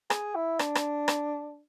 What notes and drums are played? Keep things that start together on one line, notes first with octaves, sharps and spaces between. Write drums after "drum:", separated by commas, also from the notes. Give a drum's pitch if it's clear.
G#4, drum: rim click
E4
D4, drum: rim click
drum: rim click
drum: rim click